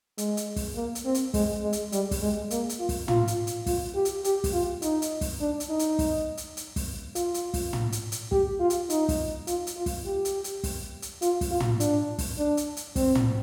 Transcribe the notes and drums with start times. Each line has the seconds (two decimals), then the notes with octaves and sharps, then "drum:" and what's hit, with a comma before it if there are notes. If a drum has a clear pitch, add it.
0.18 G#3, drum: hi-hat
0.37 drum: hi-hat
0.56 drum: kick, open hi-hat
0.76 A#3
0.95 drum: hi-hat
1.05 C4
1.15 drum: hi-hat
1.34 G#3, drum: kick, open hi-hat
1.63 G#3
1.73 drum: hi-hat
1.92 G3, drum: hi-hat
2.11 drum: kick, open hi-hat
2.21 G#3
2.51 A#3, drum: hi-hat
2.69 drum: hi-hat
2.79 F4
2.89 drum: kick, open hi-hat
3.08 F4, drum: tom
3.28 drum: hi-hat
3.47 drum: hi-hat
3.66 F4, drum: kick, open hi-hat
3.95 G4
4.05 drum: hi-hat
4.24 G4, drum: hi-hat
4.44 drum: kick, open hi-hat
4.53 F4
4.82 D#4, drum: hi-hat
5.02 drum: hi-hat
5.21 drum: kick, open hi-hat
5.40 D4
5.60 drum: hi-hat
5.70 D#4
5.79 drum: hi-hat
5.99 drum: kick, open hi-hat
6.37 drum: hi-hat
6.57 drum: hi-hat
6.76 drum: kick, open hi-hat
7.15 F4, drum: hi-hat
7.34 drum: hi-hat
7.54 drum: kick, open hi-hat
7.73 drum: tom
7.92 drum: hi-hat
8.12 drum: hi-hat
8.32 G4, drum: kick
8.60 F4
8.70 drum: hi-hat
8.90 D#4, drum: hi-hat
9.09 drum: kick, open hi-hat
9.47 F4, drum: hi-hat
9.67 drum: hi-hat
9.77 F4
9.86 drum: kick, open hi-hat
10.06 G4
10.25 drum: hi-hat
10.44 drum: hi-hat
10.64 drum: kick, open hi-hat
11.02 drum: hi-hat
11.22 F4, drum: hi-hat
11.41 drum: kick, open hi-hat
11.51 F4
11.60 drum: tom
11.80 D4, drum: hi-hat
12.19 drum: kick, open hi-hat
12.38 D4
12.57 drum: hi-hat
12.77 drum: hi-hat
12.96 C4, drum: kick, open hi-hat
13.15 drum: tom